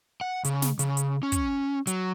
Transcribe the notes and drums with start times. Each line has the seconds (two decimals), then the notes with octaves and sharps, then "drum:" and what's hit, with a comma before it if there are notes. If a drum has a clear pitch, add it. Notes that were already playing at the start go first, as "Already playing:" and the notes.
0.21 F#5
0.45 C#3, drum: hi-hat
0.62 drum: snare
0.79 C#3, drum: hi-hat
0.97 drum: hi-hat
1.23 C#4
1.32 drum: kick, hi-hat
1.87 F#3, drum: hi-hat